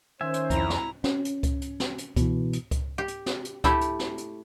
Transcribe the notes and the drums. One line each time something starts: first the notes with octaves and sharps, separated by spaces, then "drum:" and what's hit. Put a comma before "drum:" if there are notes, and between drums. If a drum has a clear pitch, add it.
D#3 C#4 C5 E5 G#5
drum: hi-hat
F2 E4 A#5, drum: kick C#2, hi-hat
drum: snare
C#4, drum: snare
drum: hi-hat
drum: kick C#2, hi-hat
drum: hi-hat
drum: snare
drum: hi-hat
B2 E3, drum: kick C#2, hi-hat
drum: hi-hat
drum: kick C#2, hi-hat
G4
drum: hi-hat
drum: snare
drum: hi-hat
A3 E4 G4, drum: kick C#2, hi-hat
drum: hi-hat
drum: snare
drum: hi-hat